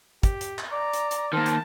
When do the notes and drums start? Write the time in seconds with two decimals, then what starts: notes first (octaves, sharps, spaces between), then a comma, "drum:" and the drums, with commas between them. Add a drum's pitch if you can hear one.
0.23 G4, drum: kick, hi-hat
0.41 drum: hi-hat
0.58 drum: clap
0.72 D5 A#5
0.93 drum: hi-hat
1.11 drum: hi-hat
1.33 D#3 A#3 C5 A5
1.46 drum: hi-hat